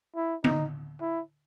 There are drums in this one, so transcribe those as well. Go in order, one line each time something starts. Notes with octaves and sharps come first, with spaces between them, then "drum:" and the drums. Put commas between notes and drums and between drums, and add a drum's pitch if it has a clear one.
E4
D#4, drum: tom D3
E4